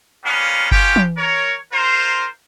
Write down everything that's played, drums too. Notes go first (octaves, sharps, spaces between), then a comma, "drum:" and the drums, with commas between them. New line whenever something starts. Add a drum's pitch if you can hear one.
G3 A#3 B3 C#4 F4
B3 C#4 F4 G4 G5, drum: kick G1
drum: tom
A#4 C#5
F4 A#4 C5